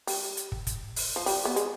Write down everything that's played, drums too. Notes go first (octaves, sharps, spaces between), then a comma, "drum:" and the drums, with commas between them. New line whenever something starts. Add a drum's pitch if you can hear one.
G3, drum: open hi-hat
drum: hi-hat
drum: kick
drum: kick, hi-hat
drum: open hi-hat
F3
G3, drum: open hi-hat
B3
G#3, drum: hi-hat